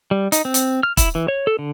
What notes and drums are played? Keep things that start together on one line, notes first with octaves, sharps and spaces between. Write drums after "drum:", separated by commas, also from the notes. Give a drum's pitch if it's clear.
G3
D#4, drum: hi-hat
C4
drum: hi-hat
F6
E4, drum: kick, hi-hat
E3
C#5
A4
D3